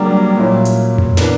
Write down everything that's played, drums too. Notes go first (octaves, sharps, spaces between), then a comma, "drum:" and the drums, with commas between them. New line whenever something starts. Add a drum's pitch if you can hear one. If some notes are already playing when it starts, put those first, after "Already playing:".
Already playing: C#3 F#3 G3 A#3 D4 A#4
A#2 F#3 C#4 E4
drum: hi-hat
drum: tom F2
E3 B3 D4 A#4, drum: snare